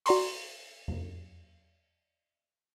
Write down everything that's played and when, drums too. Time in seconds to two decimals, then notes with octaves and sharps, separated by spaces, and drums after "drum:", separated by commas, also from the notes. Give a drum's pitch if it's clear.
0.06 F#4 D5 A#5 C6 C#6, drum: open hi-hat
0.88 drum: tom E2